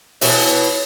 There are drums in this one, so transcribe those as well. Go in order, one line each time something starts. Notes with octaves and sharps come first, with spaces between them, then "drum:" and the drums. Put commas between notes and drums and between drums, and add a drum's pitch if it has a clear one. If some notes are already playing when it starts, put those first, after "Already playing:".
B2 E3 E4 C#5, drum: open hi-hat